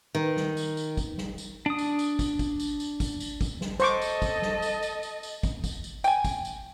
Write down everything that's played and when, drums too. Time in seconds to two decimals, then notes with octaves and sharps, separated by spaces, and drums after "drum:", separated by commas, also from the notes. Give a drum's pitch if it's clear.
0.15 D#3
0.37 drum: snare
0.57 drum: tambourine
0.77 drum: tambourine
0.97 drum: kick, tambourine
1.18 drum: snare
1.38 drum: tambourine
1.66 D4 D#6
1.79 drum: tambourine
1.99 drum: tambourine
2.19 drum: kick, tambourine
2.39 drum: kick, tambourine
2.60 drum: tambourine
2.80 drum: tambourine
3.00 drum: kick, tambourine
3.20 drum: tambourine
3.41 drum: kick, tambourine
3.61 drum: snare
3.80 A4 C5 D#5 C#6 D6, drum: tambourine
4.02 drum: tambourine
4.22 drum: kick, tambourine
4.42 drum: snare
4.62 drum: tambourine
4.83 drum: tambourine
5.03 drum: tambourine
5.23 drum: tambourine
5.43 drum: kick, tambourine
5.64 drum: kick, tambourine
5.84 drum: tambourine
6.04 G5 G#5, drum: tambourine
6.25 drum: kick, tambourine
6.45 drum: tambourine